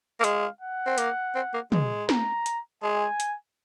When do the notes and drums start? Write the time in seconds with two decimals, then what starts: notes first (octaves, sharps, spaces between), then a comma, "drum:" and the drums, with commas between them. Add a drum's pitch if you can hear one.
0.20 A#3
0.24 G#3 F5, drum: hi-hat
0.61 F#5
0.86 C4
0.98 A#3, drum: hi-hat
1.35 C4
1.54 A#3
1.72 G#3, drum: tom
2.09 A#5, drum: snare
2.46 drum: hi-hat
2.83 G#3 G#5
3.20 drum: hi-hat